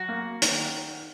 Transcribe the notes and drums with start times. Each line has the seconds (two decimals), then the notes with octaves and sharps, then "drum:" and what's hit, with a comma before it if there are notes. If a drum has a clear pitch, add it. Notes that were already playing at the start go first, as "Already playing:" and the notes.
Already playing: F#3 F#4
0.09 A#3
0.42 D#3, drum: hi-hat